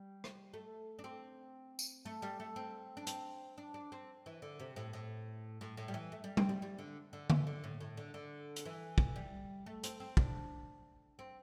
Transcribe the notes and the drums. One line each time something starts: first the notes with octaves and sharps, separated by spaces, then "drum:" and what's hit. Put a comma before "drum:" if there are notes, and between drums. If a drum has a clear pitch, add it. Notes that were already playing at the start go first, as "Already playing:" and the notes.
Already playing: G3
drum: rim click
A3
D4
C4
drum: tambourine
A3
G3
A3
C4
D4
C4, drum: hi-hat
D4
D4
C4
E3
D3
C3
A2
A2
A2
A2
G3
E3
A3
G3
C4, drum: tom G3
G3
G3
D3
D3
E3, drum: tom D3
D3
A2
A2
D3
D3
drum: hi-hat
E3
drum: kick
G3
A3
C4, drum: hi-hat
C4
D4, drum: kick
C4